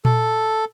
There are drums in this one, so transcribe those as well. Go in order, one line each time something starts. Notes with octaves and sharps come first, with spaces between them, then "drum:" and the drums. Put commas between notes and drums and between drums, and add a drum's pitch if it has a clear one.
A4, drum: tom A#2